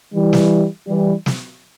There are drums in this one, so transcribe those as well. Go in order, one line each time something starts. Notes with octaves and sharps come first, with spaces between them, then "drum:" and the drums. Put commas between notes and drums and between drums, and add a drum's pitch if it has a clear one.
E3 G3
drum: snare
E3 G3
drum: snare